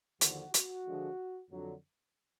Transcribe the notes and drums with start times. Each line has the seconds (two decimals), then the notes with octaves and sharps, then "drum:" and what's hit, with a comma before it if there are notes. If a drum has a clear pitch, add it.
0.21 D#2 D3 F3 F#4, drum: hi-hat
0.54 F#4, drum: hi-hat
0.86 D3 F3 G#3
1.51 F2 D3 F#3